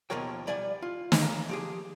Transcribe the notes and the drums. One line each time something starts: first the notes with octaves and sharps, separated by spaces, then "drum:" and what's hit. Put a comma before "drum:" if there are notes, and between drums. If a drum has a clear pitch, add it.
D#2 B2 F3 A#4 C#5 G5
G3 D5 F#5 G#5
F4
drum: snare
A#3
F3 G4 G#4